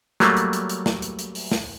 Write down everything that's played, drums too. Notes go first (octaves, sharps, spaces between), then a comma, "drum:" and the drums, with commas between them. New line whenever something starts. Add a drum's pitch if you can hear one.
F#3 G3 A3 A#3, drum: snare
drum: hi-hat
drum: hi-hat
drum: hi-hat
drum: snare
drum: hi-hat
drum: hi-hat
drum: open hi-hat
drum: snare